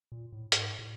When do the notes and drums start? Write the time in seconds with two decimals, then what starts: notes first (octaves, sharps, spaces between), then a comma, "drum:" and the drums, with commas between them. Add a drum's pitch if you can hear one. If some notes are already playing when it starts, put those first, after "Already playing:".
0.12 A#2
0.33 A2
0.52 G#2, drum: hi-hat
0.79 A2